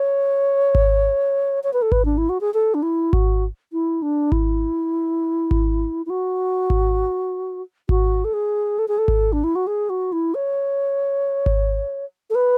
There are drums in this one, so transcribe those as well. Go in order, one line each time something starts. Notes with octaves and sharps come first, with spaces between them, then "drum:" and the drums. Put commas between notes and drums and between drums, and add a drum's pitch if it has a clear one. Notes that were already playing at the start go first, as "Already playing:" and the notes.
Already playing: C#5
drum: kick G#1
C#5
B4
A4
B4, drum: kick G#1
D4
E4
F#4
G#4
A4
D4
E4
F#4, drum: kick G#1
E4
D4
E4, drum: kick G#1
drum: kick G#1
E4
F#4
drum: kick G#1
F#4, drum: kick G#1
A4
G#4
A4
G#4
A4
drum: kick G#1
D4
E4
F#4
G#4
F#4
E4
C#5
drum: kick G#1
A4
B4